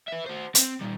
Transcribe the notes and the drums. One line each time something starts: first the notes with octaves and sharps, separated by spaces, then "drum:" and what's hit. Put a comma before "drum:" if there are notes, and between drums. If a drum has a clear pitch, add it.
B4 E5
F#4 C5
C4, drum: hi-hat
A#2 G3